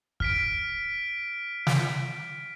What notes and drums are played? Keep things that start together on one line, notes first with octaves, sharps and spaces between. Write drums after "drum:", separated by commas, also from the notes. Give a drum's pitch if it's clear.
F6 B6 D7, drum: kick
drum: snare